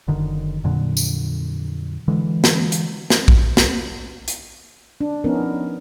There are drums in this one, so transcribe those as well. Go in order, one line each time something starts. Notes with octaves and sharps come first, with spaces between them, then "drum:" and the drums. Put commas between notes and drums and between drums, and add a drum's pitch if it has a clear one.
F#1 D3 D#3
F2 A#2 D3 F#3
drum: tambourine
D3 E3 G#3
drum: snare
drum: hi-hat
drum: snare
drum: kick A#1
drum: snare
drum: hi-hat
D4
F3 B3 C#4 D#4 A#4